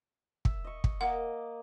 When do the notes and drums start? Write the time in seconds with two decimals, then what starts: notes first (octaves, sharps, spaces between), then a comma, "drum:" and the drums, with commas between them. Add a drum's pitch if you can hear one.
0.45 E5, drum: kick
0.64 D#5 C#6
0.84 drum: kick
1.01 A#3 D#5 F#5 D6